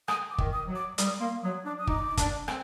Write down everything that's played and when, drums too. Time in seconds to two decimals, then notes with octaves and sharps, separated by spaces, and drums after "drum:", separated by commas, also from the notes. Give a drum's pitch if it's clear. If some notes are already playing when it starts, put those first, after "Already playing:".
0.08 D#6, drum: rim click
0.30 D6
0.38 D#3, drum: kick
0.53 D#6
0.68 F#3
0.75 D6
0.98 G3 D#6, drum: hi-hat
1.20 A#3 C6
1.43 F#3 D#6
1.65 D4 D6
1.78 D#6
1.87 D#4 D6, drum: kick
2.17 D4, drum: kick, hi-hat
2.48 C4, drum: rim click